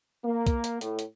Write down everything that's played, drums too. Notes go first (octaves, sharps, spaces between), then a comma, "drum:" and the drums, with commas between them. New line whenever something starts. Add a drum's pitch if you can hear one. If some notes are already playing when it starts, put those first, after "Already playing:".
A#3
drum: kick B1, hi-hat
drum: hi-hat
A2, drum: hi-hat
drum: hi-hat